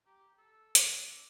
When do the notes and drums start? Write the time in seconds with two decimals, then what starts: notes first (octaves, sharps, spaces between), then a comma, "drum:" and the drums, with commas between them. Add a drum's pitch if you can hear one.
0.06 G4 A#5
0.38 A4 E6
0.75 drum: hi-hat
1.04 D4